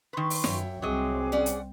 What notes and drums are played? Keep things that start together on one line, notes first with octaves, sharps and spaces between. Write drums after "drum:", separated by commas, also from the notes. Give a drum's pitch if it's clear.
D#3 B4 C6 C#6
drum: open hi-hat
F#2 C#5 E5 G5, drum: snare
C2 F#3 C4 G#4 D#5 D6
C#4 D5 F#5
drum: hi-hat